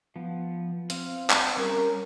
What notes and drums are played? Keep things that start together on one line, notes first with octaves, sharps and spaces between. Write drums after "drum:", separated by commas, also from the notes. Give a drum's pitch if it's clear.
F3 B3
C4 F5, drum: hi-hat
drum: clap
G3 C#4 A#4